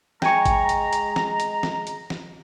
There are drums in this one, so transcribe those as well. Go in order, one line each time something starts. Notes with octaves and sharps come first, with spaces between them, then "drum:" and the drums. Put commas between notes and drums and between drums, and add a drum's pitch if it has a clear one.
G#3 G5 G#5 A#5 C#6, drum: snare
drum: kick G#1, hi-hat
drum: hi-hat
drum: hi-hat
drum: snare
drum: hi-hat
drum: snare
drum: hi-hat
drum: snare